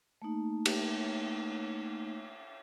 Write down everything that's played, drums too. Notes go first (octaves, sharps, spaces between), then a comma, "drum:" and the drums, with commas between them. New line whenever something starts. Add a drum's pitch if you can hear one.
A3 A#3 D#4
drum: cymbal